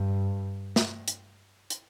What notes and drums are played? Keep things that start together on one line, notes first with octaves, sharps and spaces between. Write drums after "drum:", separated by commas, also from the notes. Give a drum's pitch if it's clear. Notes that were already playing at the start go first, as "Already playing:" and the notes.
Already playing: G2
drum: snare
drum: hi-hat
drum: hi-hat